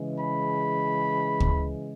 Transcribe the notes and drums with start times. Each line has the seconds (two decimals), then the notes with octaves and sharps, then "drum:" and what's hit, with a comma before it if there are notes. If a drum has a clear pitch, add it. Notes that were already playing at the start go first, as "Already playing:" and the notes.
Already playing: C#3 E3 G#3
0.20 B5
1.40 drum: kick